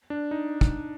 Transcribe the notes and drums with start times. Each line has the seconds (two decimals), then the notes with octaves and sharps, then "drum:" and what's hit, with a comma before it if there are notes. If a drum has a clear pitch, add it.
0.10 D4
0.31 D#4
0.61 drum: kick